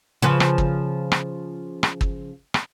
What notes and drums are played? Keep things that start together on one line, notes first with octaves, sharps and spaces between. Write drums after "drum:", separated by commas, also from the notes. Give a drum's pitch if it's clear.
C#3 F3 B4
drum: rim click
drum: kick
drum: rim click
drum: rim click
drum: kick
drum: rim click